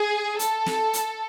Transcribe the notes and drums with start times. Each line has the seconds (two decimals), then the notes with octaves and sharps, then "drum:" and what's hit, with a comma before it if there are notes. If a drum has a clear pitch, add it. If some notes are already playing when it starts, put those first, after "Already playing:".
Already playing: G#4
0.39 A4, drum: hi-hat
0.66 drum: snare
0.93 drum: hi-hat